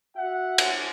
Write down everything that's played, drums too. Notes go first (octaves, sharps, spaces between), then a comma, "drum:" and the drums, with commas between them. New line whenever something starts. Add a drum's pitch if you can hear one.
F#4 E5 F#5
drum: cymbal